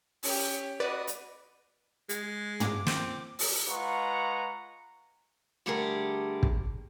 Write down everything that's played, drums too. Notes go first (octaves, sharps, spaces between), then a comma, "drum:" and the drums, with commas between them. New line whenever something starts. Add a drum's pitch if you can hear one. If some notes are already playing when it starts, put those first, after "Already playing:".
C#4 G4, drum: open hi-hat
F#4 B4 D5 D#5
drum: hi-hat
G#3, drum: hi-hat
D6, drum: tom
C4, drum: snare
drum: open hi-hat
G#3 F4 B4 F#5 A#5 C#6
D3 G3 A3 G4 G#4 A#4
drum: kick